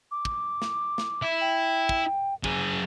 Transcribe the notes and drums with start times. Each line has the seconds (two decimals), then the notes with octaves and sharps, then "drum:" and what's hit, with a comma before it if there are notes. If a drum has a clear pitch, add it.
0.11 D6
0.25 drum: kick
0.62 drum: snare
0.98 drum: snare
1.22 E4
1.41 G5
1.89 drum: kick
2.44 F#2 G#4, drum: kick